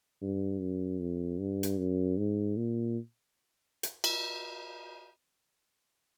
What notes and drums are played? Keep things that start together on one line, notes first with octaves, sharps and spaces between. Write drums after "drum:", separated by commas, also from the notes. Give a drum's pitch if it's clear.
G2
F#2
F2
G2
drum: hi-hat
F#2
G#2
A#2
drum: hi-hat
drum: cymbal